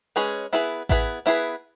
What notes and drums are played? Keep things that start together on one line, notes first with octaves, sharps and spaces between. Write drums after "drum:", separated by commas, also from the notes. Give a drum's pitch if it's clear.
G#3 C#4 G#4 B4
B3 E4 G#4 B4
B3 E4 G#4 B4, drum: kick A1
B3 E4 G#4 B4